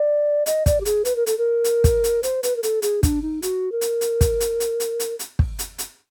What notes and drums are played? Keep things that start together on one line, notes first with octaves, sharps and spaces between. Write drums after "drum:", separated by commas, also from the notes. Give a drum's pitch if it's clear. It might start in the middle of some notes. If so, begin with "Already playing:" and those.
Already playing: D5
D#5, drum: hi-hat
D5, drum: kick, hi-hat
G4
G#4, drum: hi-hat
B4, drum: hi-hat
A#4
A4, drum: hi-hat
A#4
drum: hi-hat
drum: kick, hi-hat
drum: hi-hat
C5, drum: hi-hat
B4, drum: hi-hat
A#4
A4, drum: hi-hat
G#4, drum: hi-hat
D4, drum: kick, hi-hat
D#4
F#4, drum: hi-hat
A#4
drum: hi-hat
drum: hi-hat
drum: kick, hi-hat
drum: hi-hat
drum: hi-hat
drum: hi-hat
drum: hi-hat
drum: hi-hat
drum: kick
drum: hi-hat
drum: hi-hat